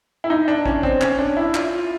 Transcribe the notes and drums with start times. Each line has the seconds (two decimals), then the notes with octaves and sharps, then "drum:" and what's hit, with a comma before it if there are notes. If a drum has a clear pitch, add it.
0.24 E4
0.30 D#4
0.48 D4
0.66 C#4, drum: kick
0.83 C4, drum: kick
1.01 C#4, drum: clap
1.19 D4
1.37 E4
1.55 F4, drum: clap